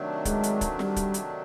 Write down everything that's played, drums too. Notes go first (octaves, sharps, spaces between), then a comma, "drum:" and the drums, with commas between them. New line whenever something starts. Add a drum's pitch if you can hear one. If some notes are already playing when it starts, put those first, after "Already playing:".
Already playing: C3 D#3 F#3 A3 D4
G#3, drum: kick, hi-hat
drum: hi-hat
drum: kick, hi-hat
G3, drum: snare
drum: kick, hi-hat
drum: hi-hat